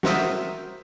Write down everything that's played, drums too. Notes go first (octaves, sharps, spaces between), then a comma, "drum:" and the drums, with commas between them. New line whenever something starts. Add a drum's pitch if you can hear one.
F#4 A#4 C5 E5 D#6, drum: snare